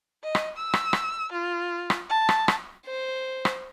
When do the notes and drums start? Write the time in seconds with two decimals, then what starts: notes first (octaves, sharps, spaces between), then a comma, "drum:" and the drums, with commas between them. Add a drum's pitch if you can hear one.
0.23 D#5
0.35 drum: rim click
0.57 E6
0.73 drum: rim click
0.93 drum: rim click
1.32 F4
1.90 drum: rim click
2.09 A5
2.29 drum: rim click
2.48 drum: rim click
2.86 C5
3.45 drum: rim click